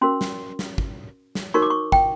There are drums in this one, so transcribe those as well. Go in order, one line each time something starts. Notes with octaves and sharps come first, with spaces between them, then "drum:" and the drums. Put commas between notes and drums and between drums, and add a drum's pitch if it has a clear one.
C#4 F#4 A#4 C6
drum: snare
drum: snare
drum: kick
drum: snare
D#4 F#4 A#4 C#5 C#6
D6
C#6
G5, drum: kick